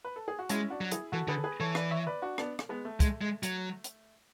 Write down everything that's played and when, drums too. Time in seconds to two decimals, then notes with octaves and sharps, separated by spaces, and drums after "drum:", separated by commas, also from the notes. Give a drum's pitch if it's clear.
0.05 B4
0.16 A4
0.28 G#4
0.39 F#4
0.49 G#3 C#4 E4, drum: hi-hat
0.70 D4 F#4
0.81 F#3
0.91 E4 G#4, drum: hi-hat
1.12 E3 F#4 A4
1.28 D3 G#4 B4
1.37 A4
1.44 G#4 B4
1.60 E3 A4 C#5
1.75 B4 D5, drum: rim click
1.91 C#5 E5
2.07 B4 D5
2.22 D4 F#4
2.38 B3 D4, drum: rim click
2.59 drum: rim click
2.69 G#3 B3
2.85 A3
3.00 G#3, drum: kick, hi-hat
3.21 G#3
3.43 F#3, drum: hi-hat
3.84 drum: hi-hat